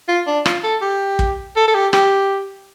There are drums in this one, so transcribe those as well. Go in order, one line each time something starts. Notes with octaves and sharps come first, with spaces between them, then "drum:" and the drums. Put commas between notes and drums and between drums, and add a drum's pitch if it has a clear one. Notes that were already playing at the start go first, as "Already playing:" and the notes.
F4
D4
F4, drum: rim click
A4
G4
drum: kick
A4
A4
G4
G4, drum: rim click